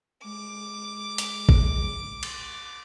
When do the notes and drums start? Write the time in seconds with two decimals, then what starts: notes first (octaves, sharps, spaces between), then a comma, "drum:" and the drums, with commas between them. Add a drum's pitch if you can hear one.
0.24 G#3 D6
1.18 drum: hi-hat
1.49 drum: kick
2.23 drum: cymbal